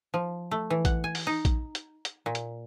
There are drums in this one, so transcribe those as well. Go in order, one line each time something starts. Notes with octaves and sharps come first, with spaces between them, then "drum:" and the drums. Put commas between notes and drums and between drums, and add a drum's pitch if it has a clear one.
F3
A3
E3
F#5, drum: kick A#1, hi-hat
G#5
drum: open hi-hat
D#4
drum: kick A#1, hi-hat
drum: hi-hat
drum: hi-hat
A#2
drum: hi-hat